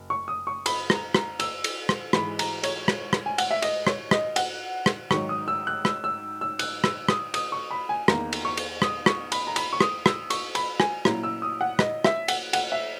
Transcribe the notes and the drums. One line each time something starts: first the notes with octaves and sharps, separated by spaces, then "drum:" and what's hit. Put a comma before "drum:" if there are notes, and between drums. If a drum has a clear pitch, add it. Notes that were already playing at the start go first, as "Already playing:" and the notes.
Already playing: F#1
C#6
D#6
C#6
B5, drum: cymbal
A#5, drum: rim click
A#5, drum: rim click
E6, drum: cymbal
drum: cymbal
drum: rim click
G#2 E3 G#3 B5, drum: rim click
A#5, drum: cymbal
C#5, drum: cymbal
drum: rim click
drum: rim click
G#5
F#5, drum: cymbal
E5
D#5, drum: cymbal
C#5, drum: rim click
D#5, drum: rim click
F#5, drum: cymbal
drum: rim click
G#2 D#3 F#3 C#6, drum: rim click
D#6
E6
F#6
E6, drum: rim click
E6
E6
F#6, drum: cymbal
E6, drum: rim click
D#6, drum: rim click
D#6, drum: cymbal
C#6
B5
G#5
E2 D#3 A#3 A#5, drum: rim click
drum: cymbal
C#6
drum: cymbal
D#6, drum: rim click
C#6, drum: rim click
B5, drum: cymbal
A#5
B5, drum: cymbal
C#6
D#6, drum: rim click
E6, drum: rim click
C#6, drum: cymbal
B5, drum: cymbal
G#5, drum: rim click
A#2 F#3 C#4 E4 A#5, drum: rim click
E6
D#6
F#5
D#5, drum: rim click
E5, drum: rim click
F#5, drum: cymbal
F#5, drum: cymbal
E5